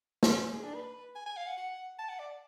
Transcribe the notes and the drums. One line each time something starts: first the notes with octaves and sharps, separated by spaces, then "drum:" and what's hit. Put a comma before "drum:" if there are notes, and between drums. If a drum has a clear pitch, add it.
drum: snare
C#4
G#4
D4
B4
G#5
G#5
F5
F#5
F#5
A5
F#5
D5